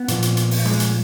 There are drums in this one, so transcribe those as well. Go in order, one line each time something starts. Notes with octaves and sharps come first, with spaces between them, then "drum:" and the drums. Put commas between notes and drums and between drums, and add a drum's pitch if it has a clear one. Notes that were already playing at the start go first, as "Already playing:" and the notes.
Already playing: B3
A#2 F3, drum: hi-hat
drum: hi-hat
drum: hi-hat
drum: open hi-hat
G#3, drum: rim click
drum: hi-hat